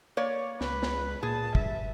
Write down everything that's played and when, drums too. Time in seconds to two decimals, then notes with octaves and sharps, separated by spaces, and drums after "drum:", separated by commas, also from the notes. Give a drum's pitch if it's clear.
0.17 A#3 C#5 D5
0.61 C#2 B4, drum: snare
0.83 drum: snare
1.23 A#2 G#4 A5
1.55 G2 E5, drum: kick